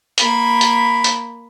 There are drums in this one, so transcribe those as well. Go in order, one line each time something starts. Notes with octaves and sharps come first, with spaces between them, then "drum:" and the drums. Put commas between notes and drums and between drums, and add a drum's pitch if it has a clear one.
A#3 B5, drum: hi-hat
drum: hi-hat
drum: hi-hat